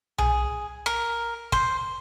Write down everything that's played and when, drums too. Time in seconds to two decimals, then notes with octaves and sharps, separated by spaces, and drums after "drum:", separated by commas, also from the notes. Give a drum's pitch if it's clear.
0.18 G#4, drum: tom B1
0.86 A#4
1.52 C5, drum: kick